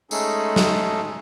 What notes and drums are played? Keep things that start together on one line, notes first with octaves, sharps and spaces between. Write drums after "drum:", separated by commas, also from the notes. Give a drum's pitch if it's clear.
G#3 A3 C#4 D#4 G#4 A4, drum: tambourine
drum: snare